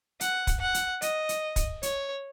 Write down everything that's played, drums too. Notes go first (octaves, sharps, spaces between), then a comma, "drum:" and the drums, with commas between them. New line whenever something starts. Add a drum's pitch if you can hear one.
F#5, drum: hi-hat
drum: kick, hi-hat
F#5
drum: hi-hat
D#5, drum: hi-hat
drum: hi-hat
drum: kick, hi-hat
C#5, drum: hi-hat